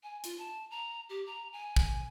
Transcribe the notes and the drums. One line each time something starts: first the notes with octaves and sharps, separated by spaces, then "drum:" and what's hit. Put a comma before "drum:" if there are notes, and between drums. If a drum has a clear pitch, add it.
G#5
F4, drum: hi-hat
A5
A#5
G4
A#5
G#5
drum: kick